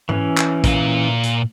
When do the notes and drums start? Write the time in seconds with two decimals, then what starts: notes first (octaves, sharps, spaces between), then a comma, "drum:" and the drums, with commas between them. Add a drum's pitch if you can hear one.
0.09 E3 C#4, drum: tom G#2
0.38 drum: clap
0.64 A#2 F5, drum: kick, hi-hat
1.23 drum: hi-hat